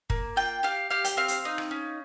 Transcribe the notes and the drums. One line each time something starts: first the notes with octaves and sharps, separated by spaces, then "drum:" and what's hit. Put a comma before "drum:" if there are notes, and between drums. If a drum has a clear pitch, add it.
A#3, drum: kick
F4 G5
G4 F5
G4 F5
G5, drum: hi-hat
C4 F5
drum: hi-hat
D#4
drum: rim click
C#4